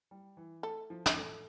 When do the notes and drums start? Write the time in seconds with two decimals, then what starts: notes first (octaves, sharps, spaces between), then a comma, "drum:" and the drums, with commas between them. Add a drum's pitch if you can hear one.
0.11 G3
0.37 E3
0.63 A3 A4
0.90 F3
1.06 drum: snare
1.17 A3